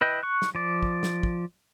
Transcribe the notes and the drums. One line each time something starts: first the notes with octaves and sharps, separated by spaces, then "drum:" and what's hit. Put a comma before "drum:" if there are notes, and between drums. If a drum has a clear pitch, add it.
E4 B4 D#5 G5
C#6 F#6
drum: snare
F3 D5
drum: kick
drum: snare
drum: kick